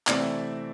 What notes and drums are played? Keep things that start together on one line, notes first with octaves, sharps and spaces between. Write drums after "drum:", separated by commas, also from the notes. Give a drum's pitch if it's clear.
C3 E3 A3 C4 E4 D5, drum: clap
E5